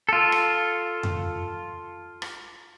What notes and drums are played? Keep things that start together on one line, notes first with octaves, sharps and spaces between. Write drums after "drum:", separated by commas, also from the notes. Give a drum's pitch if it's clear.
F4 A4
drum: rim click
drum: tom F2
drum: rim click